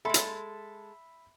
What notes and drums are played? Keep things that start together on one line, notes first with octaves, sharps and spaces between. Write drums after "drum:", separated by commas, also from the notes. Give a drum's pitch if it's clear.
G#3 A4 E5 B5 C6
drum: hi-hat